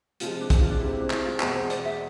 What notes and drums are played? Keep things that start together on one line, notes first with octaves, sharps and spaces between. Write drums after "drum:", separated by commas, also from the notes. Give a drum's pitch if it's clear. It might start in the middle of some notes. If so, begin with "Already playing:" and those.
C3 F3 G#3 F4, drum: hi-hat
F4
D4
drum: kick, hi-hat
F4
D4
C3 G#3 C4 E4
E4
D4
E4, drum: clap
F4
E2 B2 G#3 G#4, drum: clap
C5
D5, drum: hi-hat
E5